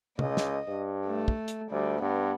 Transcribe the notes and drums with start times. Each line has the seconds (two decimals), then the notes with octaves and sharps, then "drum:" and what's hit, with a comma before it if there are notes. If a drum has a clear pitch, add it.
0.19 C#2 D#5, drum: tom
0.37 drum: snare
0.68 G2
1.07 A3
1.28 drum: kick
1.48 drum: hi-hat
1.72 D2 G3
2.02 G2 B3